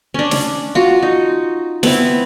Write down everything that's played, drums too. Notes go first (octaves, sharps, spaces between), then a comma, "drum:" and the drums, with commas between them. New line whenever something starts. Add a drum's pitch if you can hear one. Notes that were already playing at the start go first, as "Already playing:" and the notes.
C#4 D4
drum: snare
F4 F#4
D#4
B3 C4 E4, drum: snare